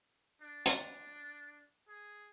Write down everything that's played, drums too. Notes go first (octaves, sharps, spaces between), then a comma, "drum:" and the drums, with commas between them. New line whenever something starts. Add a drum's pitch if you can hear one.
D4
drum: hi-hat
G#4